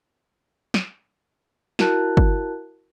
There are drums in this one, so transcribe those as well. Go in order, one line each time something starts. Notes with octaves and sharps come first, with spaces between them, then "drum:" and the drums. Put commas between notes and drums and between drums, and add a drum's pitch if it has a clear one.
drum: snare
E4 F#4 A#4 A5 F#6, drum: snare
drum: kick G1